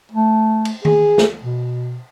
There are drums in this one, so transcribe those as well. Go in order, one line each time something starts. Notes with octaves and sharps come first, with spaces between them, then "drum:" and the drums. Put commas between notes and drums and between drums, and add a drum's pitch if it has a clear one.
A3
drum: cymbal
G#4, drum: tom D#3
drum: snare
B2